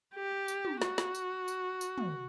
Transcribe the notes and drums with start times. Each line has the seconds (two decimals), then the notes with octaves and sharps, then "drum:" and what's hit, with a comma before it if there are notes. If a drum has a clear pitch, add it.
0.15 G4
0.48 drum: tambourine
0.65 drum: tom
0.82 F#4, drum: snare
0.98 drum: snare
1.15 drum: tambourine
1.48 drum: tambourine
1.81 drum: tambourine
1.98 drum: tom